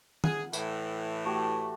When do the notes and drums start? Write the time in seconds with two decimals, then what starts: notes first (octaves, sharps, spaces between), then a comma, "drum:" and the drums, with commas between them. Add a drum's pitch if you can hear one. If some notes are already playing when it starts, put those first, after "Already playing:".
0.24 G#4 F#5, drum: tom D#3
0.53 A2 E3, drum: tambourine
1.25 A3 F#4 G4